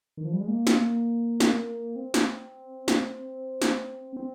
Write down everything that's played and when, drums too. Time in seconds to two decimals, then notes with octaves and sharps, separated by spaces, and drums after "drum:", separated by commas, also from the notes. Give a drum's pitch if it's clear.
0.17 D#3
0.25 F3
0.33 G3
0.41 G#3
0.48 A#3
0.67 drum: snare
1.40 drum: snare
1.96 C4
2.14 drum: snare
2.88 drum: snare
3.62 drum: snare
4.17 C4